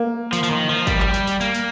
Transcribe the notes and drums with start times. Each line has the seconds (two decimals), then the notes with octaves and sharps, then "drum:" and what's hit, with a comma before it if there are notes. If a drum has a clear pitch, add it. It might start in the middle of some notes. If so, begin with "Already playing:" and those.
Already playing: A#3
0.33 F3, drum: tambourine
0.43 F3, drum: tambourine
0.51 D#3
0.69 F3
0.87 G3, drum: kick, tambourine
1.00 drum: clap
1.14 drum: tambourine
1.27 drum: tambourine
1.41 A#3, drum: tambourine
1.54 drum: tambourine